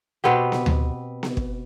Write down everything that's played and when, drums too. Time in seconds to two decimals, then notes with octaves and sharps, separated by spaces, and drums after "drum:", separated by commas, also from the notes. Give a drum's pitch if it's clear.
0.24 B2 B3 C4 G4
0.52 drum: snare B3
0.66 drum: tom D2
1.23 drum: snare B3
1.37 drum: kick